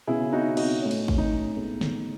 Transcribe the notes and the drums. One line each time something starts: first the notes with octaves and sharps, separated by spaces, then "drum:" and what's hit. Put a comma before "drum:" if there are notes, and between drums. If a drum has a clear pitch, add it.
C#3 F#3 B3 E4 G#4
D#4 F#4
D#4 F#4, drum: cymbal
A2 F#3 C#4
drum: cymbal
drum: kick
D#4
A2 G#3 B3
drum: snare